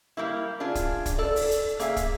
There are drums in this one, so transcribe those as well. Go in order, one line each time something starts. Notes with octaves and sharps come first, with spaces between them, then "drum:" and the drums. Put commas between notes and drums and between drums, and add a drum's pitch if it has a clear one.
G3 A#3 E4
D4 F4 G#4
drum: kick, hi-hat
drum: kick, hi-hat
A4 D5
drum: open hi-hat
drum: hi-hat
A#3 G#4 E5 F5, drum: hi-hat
drum: kick, hi-hat